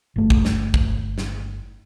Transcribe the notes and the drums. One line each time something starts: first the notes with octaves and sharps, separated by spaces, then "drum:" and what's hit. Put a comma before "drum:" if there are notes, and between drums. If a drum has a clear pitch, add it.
G1 A3
drum: kick
drum: snare
drum: kick
drum: snare